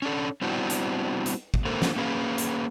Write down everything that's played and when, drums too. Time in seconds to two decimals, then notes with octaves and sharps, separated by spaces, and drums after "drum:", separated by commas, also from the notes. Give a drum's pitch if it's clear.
0.02 C#4 D4 A4
0.42 G3 B3 C4 D4 E4 F#4
0.70 drum: hi-hat
1.26 drum: hi-hat
1.54 drum: kick
1.65 D3 A#3 A4 A#4 C5
1.82 drum: snare
1.96 A#3 C#4 G#4 B4 F5
2.38 drum: hi-hat